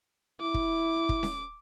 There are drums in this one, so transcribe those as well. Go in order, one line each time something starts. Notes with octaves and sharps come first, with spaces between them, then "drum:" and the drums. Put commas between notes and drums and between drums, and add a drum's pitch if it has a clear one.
E4 D6
drum: kick
drum: kick
drum: snare C#4